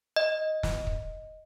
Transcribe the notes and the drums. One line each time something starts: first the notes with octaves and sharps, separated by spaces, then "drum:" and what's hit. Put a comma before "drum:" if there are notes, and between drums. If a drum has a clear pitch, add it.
D#5
drum: snare
drum: kick